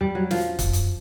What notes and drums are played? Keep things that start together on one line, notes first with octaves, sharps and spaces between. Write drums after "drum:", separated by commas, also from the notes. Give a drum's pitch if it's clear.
E2 G3
F#3
F3, drum: snare
F2, drum: kick, hi-hat
F#2, drum: hi-hat